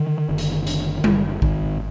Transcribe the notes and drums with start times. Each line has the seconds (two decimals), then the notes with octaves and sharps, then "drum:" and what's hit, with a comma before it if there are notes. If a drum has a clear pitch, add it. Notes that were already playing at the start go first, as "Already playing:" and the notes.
Already playing: D3 D#3
0.29 F#1
0.38 drum: hi-hat
0.67 D3, drum: hi-hat
1.04 F#1, drum: tom G3
1.42 G#1 D#3, drum: kick